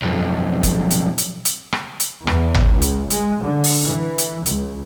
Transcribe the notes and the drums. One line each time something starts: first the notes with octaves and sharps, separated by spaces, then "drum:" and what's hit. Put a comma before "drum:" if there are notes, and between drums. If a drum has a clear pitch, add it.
B1 F2
drum: kick F#1, hi-hat
drum: hi-hat
drum: hi-hat
drum: hi-hat
drum: rim click
drum: hi-hat
E2, drum: rim click
drum: tom G#1
C#2
drum: hi-hat
G#3, drum: hi-hat
D3
drum: open hi-hat
E3
drum: hi-hat
C#2, drum: hi-hat